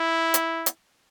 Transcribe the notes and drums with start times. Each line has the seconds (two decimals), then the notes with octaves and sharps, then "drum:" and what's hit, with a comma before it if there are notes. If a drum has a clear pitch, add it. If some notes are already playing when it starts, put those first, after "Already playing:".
Already playing: E4
0.34 drum: hi-hat
0.66 drum: hi-hat